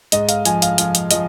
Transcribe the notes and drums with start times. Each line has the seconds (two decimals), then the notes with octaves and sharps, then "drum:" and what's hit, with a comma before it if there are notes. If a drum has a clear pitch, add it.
0.12 G#2 D#5, drum: hi-hat
0.29 F5, drum: hi-hat
0.45 F3 G#5, drum: hi-hat
0.62 F5, drum: hi-hat
0.78 F3 F5, drum: hi-hat
0.95 drum: hi-hat
1.11 F3 D#5, drum: hi-hat